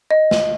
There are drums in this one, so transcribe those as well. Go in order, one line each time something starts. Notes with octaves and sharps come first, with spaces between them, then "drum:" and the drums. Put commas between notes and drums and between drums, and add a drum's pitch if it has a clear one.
D#5
drum: snare